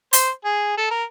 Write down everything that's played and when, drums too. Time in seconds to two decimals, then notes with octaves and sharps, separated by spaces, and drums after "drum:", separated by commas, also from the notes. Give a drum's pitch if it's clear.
0.13 C5, drum: hi-hat
0.44 G#4
0.77 A4
0.90 A#4